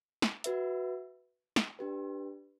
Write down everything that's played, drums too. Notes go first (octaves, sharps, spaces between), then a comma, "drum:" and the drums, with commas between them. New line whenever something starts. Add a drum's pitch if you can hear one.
drum: snare
F#4 B4 E5, drum: hi-hat
drum: snare
D4 G4 B4